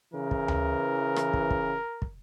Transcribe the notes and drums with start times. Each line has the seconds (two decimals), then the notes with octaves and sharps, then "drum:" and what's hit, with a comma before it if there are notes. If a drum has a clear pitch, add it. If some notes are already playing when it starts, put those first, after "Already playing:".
0.14 C#3 E3 A#4
0.31 drum: kick
0.48 drum: tom D2
1.16 drum: rim click
1.33 drum: kick
1.51 drum: kick
2.02 drum: kick